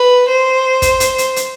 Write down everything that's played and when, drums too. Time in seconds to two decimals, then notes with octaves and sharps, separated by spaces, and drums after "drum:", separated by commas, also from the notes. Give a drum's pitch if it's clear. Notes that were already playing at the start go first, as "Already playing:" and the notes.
Already playing: B4
0.28 C5
0.82 drum: kick, hi-hat
1.00 drum: hi-hat
1.18 drum: hi-hat
1.36 drum: hi-hat